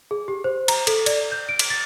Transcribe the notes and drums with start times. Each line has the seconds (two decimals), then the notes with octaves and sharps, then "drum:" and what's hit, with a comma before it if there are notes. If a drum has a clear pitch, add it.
0.11 G#4
0.28 G4
0.44 C5
0.68 A#5, drum: cymbal
0.87 A4, drum: cymbal
1.06 D5, drum: cymbal
1.32 G6
1.49 D7
1.59 drum: cymbal
1.70 A6